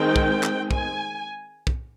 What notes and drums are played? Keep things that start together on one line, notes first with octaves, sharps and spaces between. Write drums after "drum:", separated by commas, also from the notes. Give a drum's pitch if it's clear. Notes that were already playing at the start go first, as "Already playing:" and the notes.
Already playing: D#3 G#3 C4 G5
drum: kick
drum: clap
G#5, drum: kick
drum: kick